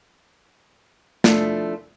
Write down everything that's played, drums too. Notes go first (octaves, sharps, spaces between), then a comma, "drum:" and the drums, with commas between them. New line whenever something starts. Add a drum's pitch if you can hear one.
F3 A3 D4 E4 F4, drum: snare